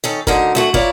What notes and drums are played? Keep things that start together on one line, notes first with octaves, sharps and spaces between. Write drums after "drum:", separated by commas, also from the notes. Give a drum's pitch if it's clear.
D#3 C#4 A4
D2 D3 D#4 A#4, drum: kick
D2 A3 F#4
E4 F4 A#4 C#5 D5, drum: kick